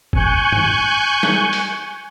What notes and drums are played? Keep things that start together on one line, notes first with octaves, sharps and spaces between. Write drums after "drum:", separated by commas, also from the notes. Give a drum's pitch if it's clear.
G#5 C#6 F#6 G6, drum: kick
drum: tom G2
drum: snare
drum: open hi-hat